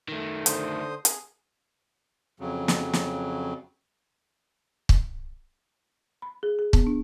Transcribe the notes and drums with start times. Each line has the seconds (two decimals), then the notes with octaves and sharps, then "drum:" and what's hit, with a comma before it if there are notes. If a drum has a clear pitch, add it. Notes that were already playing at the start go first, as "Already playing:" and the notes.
0.08 D#3 A3
0.46 D3 C5 D#6, drum: hi-hat
1.05 G#4, drum: hi-hat
2.40 F2 C#3 F#3
2.68 drum: snare
2.93 drum: snare
4.89 drum: kick
6.22 B5
6.43 G#4
6.59 G#4
6.73 B3, drum: kick
6.87 D4